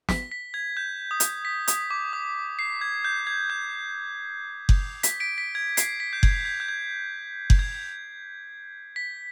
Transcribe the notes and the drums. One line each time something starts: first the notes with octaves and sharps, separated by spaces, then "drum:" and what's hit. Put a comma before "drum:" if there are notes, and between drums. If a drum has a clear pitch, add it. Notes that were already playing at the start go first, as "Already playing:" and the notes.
B6, drum: snare
B6
G#6
G6
D#6
drum: hi-hat
B6
D#6, drum: hi-hat
D6
D#6
C7
G#6
G6
G#6
G6
drum: kick F#1
B6, drum: hi-hat
B6 D7
B6
G#6
C7, drum: hi-hat
B6
G6
G#6, drum: kick F#1
G#6
G6
G#6
drum: kick F#1
G#6
B6